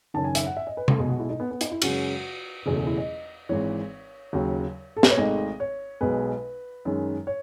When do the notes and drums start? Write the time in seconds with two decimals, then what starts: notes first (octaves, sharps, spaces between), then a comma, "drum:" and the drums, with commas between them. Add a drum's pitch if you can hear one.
0.14 F#1 F#2 D#3 A5
0.24 G#5
0.35 E5, drum: hi-hat
0.47 F#5
0.57 E5
0.67 D#5
0.77 B4
0.88 A4, drum: tom C3
0.98 B1 B2 G#3 G#4
1.09 F#4
1.20 E4
1.30 D#4
1.40 B3
1.51 B3
1.61 D#4, drum: hi-hat
1.72 E4
1.82 F#2 C#3 G#3 F#4, drum: cymbal
2.66 F#1 E2 B2 F#3 A3 G#4
2.77 G#4
2.87 E4
2.98 D#5
3.49 G#1 G#2 E3 C#5
4.33 D#2 C#3 F#3
4.97 A4
5.03 B4, drum: snare
5.10 C#5
5.18 G#1 G#2 D#3 A3 D#5
5.60 C#5
6.01 B1 B2 G#3 B4
6.85 F#2 D#3 G#3
7.27 C#5